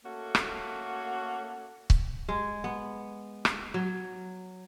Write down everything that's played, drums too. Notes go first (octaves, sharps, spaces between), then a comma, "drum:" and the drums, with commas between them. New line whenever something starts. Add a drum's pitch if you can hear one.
A3 A#3 C#4 F#4 A4
drum: rim click
drum: kick C#1
G#3
B3
drum: rim click
F#3